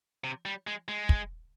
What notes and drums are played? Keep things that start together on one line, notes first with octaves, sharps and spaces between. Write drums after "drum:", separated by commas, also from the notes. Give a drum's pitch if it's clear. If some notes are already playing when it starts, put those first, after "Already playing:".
C3
G3
G#3
G#3
drum: kick